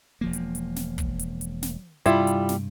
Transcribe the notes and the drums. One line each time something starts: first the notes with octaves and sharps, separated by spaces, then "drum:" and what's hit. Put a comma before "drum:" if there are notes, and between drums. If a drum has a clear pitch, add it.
E1 F3 A#3
drum: hi-hat
drum: hi-hat
drum: snare
drum: kick, hi-hat
drum: hi-hat
drum: hi-hat
drum: snare
G2 C3 G3 E4 F4, drum: hi-hat
drum: hi-hat
drum: snare